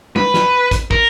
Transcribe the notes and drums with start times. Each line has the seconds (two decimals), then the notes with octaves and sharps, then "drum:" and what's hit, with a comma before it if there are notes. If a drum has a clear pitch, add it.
0.16 B4, drum: tom
0.34 drum: snare
0.71 drum: kick, hi-hat
0.91 A#4, drum: kick